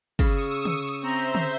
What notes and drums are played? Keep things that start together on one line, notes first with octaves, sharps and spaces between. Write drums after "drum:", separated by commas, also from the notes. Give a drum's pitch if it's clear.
C#3 B5 C#6 D#6 E6, drum: kick, hi-hat
drum: hi-hat
drum: tom
drum: hi-hat
C4 C5 E5 A#5 G6
drum: tom